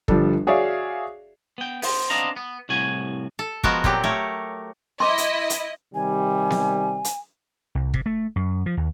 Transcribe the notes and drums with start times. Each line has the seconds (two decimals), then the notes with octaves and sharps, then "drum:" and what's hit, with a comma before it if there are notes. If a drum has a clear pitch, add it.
0.08 G1 F3 G3 D4 A4, drum: kick
0.47 F#4 G#4 C#5 D5 E5 F5
1.58 B3 G5
1.82 B3 C5, drum: open hi-hat
2.10 B3 C4 D4 D#5 F5 A#5
2.36 B3
2.69 C2 A2 C3 F#4 G#5
3.39 A4
3.64 F3 G#3 B3 F#4 A#4, drum: kick
3.84 A#2 F#3 C4 G4, drum: kick
4.04 A3 A#4 C#5
5.00 E4 D#5 C6 D6
5.18 drum: hi-hat
5.50 drum: hi-hat
5.95 C3 D#3 G3 G#5
6.50 drum: snare B3
7.05 drum: hi-hat
7.75 C2
7.94 C3, drum: kick
8.06 A3
8.36 F#2
8.66 F3
8.77 D#2